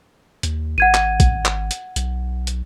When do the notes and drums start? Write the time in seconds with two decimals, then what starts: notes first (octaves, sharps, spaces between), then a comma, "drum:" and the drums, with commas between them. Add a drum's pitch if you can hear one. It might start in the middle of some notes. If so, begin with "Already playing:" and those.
0.43 D#2, drum: hi-hat
0.78 G#1 F#5 G#6 D#7
0.94 drum: clap
1.20 drum: kick, hi-hat
1.45 drum: clap
1.71 drum: hi-hat
1.96 B1, drum: hi-hat
2.47 drum: hi-hat